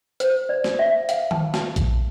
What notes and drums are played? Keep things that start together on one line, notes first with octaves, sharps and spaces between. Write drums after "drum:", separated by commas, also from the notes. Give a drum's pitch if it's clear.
C5, drum: hi-hat
D5
drum: snare
E5
F5, drum: hi-hat
A5, drum: tom D#3
A5, drum: snare
drum: kick A#1, hi-hat